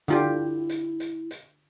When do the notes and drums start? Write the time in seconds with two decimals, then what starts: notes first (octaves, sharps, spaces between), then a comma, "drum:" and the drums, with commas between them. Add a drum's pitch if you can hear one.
0.08 D3 E4 F4 G4, drum: hi-hat
0.69 drum: hi-hat
1.00 drum: hi-hat
1.31 drum: hi-hat